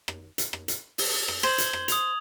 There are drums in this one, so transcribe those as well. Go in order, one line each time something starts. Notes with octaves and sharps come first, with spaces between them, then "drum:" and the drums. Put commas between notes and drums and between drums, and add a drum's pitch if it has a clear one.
drum: rim click
drum: hi-hat
drum: rim click
drum: hi-hat
drum: open hi-hat
drum: rim click
C5 G#6 F#7
drum: hi-hat
drum: rim click
D#6 F7, drum: hi-hat